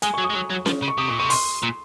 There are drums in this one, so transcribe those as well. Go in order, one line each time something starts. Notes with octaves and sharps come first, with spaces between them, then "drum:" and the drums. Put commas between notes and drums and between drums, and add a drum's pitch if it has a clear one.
G#3 G#5, drum: hi-hat
C#6
F#3
D#6
G#3
F#3 C#6
F#3
F3, drum: snare C#4
C#3
C#6
C3 D#6
A#2 C#6
C3 C#6
C6, drum: open hi-hat
A#2